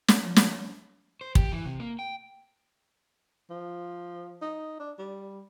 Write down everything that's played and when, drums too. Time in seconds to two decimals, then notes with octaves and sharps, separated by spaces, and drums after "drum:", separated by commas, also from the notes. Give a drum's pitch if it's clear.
0.08 drum: snare
0.23 F3
0.36 drum: snare
1.21 C5
1.35 G4, drum: kick
1.52 E3
1.66 C3
1.80 A#3
1.99 G5
3.50 F3
4.41 D#4
4.80 D4
4.98 G3